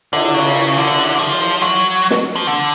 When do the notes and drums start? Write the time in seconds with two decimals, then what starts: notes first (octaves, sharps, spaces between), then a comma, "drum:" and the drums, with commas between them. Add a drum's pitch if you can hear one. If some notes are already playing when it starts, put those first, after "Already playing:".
0.13 D3, drum: cymbal
0.34 C#3
0.77 D3
1.19 F3
1.62 F#3
2.11 drum: snare
2.36 F3
2.47 D3